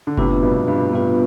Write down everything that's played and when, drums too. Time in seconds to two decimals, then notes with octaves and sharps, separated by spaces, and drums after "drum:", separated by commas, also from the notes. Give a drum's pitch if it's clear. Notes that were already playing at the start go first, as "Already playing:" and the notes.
0.07 D3
0.17 A2 C3 B3 D4 F4 B4, drum: kick F#1
0.42 G2 B2
0.68 G2
0.93 G2 B3 D4 F4 B4